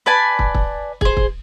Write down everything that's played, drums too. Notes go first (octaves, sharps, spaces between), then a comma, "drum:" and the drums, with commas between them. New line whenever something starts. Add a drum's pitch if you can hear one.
B4 D5 G#5 A5
drum: kick
drum: kick
G#4 C5, drum: kick
drum: kick